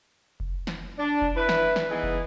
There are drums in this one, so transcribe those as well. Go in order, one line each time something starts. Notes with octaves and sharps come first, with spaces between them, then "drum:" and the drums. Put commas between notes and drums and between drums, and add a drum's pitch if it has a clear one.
drum: kick F1
drum: snare
D4
drum: kick F1
E4 B4
drum: snare
drum: snare
E3 B3 D#4 E4 G#4
drum: kick F1